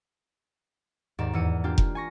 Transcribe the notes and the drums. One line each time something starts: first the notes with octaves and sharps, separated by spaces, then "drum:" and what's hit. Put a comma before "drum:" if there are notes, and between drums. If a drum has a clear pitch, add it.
D#2 G#2 D5 D7 E7
E2 E6 C#7 D#7
A#3 D4 F4 G4
drum: kick F1
G#5 C#6 A#6